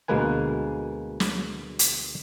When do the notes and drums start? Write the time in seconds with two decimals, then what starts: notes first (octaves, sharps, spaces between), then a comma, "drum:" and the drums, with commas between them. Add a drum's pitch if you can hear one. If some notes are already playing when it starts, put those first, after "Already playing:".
0.08 D2 B2 G#3 A#3 B4 G#5
1.20 drum: snare
1.79 drum: hi-hat